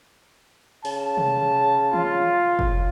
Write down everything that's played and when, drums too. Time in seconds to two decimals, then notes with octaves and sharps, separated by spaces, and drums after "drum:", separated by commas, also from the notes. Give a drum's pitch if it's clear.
0.85 C#3 A5, drum: open hi-hat
1.17 drum: tom C3
1.93 F4, drum: tom D#3
2.59 drum: kick